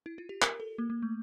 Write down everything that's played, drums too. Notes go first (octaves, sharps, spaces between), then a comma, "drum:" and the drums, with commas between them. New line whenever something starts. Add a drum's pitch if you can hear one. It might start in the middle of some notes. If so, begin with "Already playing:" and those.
E4
F4
G4
A#4, drum: clap
A4
A#3
A#3
A3